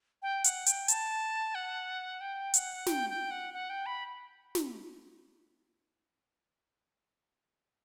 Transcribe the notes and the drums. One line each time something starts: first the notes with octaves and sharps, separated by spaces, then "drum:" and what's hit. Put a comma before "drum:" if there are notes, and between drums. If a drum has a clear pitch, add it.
G5
F#5, drum: hi-hat
G5, drum: hi-hat
A5, drum: hi-hat
F#5
G5
F#5, drum: hi-hat
G5, drum: snare
G5
F#5
F#5
G5
B5
drum: snare